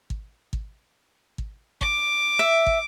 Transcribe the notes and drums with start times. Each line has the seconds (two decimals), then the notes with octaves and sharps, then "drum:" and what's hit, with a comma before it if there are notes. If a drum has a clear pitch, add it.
0.10 drum: kick
0.53 drum: kick
1.38 drum: kick
1.81 D6, drum: kick
2.39 E5
2.66 drum: kick